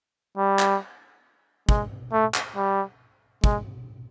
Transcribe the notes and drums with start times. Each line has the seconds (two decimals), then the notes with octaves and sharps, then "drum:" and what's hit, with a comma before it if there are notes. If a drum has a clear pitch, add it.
0.38 G3
0.59 drum: clap
1.69 G#3, drum: kick
2.13 A3
2.34 drum: clap
2.56 G3
3.44 G#3, drum: kick